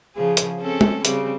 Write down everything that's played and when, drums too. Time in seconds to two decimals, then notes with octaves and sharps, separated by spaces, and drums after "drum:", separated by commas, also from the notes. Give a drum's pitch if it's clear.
0.15 C#3 F3 G#4
0.37 drum: hi-hat
0.59 C4 C#4 A4
0.81 drum: tom
1.05 C#3 G3 C4, drum: hi-hat